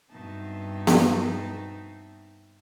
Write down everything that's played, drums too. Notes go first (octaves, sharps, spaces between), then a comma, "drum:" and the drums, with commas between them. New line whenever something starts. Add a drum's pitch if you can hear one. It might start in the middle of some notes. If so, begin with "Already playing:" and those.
G2 B2 C4 D#4 E5 A5
drum: snare B3